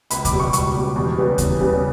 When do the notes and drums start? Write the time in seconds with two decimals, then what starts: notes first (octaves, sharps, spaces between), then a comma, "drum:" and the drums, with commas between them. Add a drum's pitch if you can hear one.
0.10 C#2 B5, drum: hi-hat
0.25 D6, drum: kick D#2, hi-hat
0.32 B2 G3
0.40 C#6
0.53 C#2 C#6, drum: hi-hat
0.74 B2 G3
0.96 E2
1.17 C#3 G3 B3
1.38 E2, drum: kick D#2, hi-hat
1.59 C#3 G3 B3